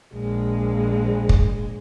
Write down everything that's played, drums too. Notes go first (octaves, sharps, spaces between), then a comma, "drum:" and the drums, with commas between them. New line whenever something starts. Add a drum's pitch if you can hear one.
A#1 G#3
drum: kick